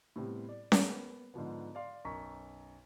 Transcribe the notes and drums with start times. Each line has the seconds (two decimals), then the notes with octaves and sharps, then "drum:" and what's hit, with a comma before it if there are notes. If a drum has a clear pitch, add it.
0.16 A2 C3 G3 B3 C4
0.49 D5
0.72 A#3 B3, drum: snare C#4
1.34 G#2 D3 F3 B3
1.75 D5 F5 C6
2.05 B1 F#2 A#5 C#6 B6